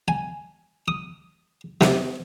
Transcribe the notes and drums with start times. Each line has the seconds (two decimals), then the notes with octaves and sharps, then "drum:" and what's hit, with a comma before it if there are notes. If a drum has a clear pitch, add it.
0.08 G#5
0.88 D#6
1.81 C3, drum: snare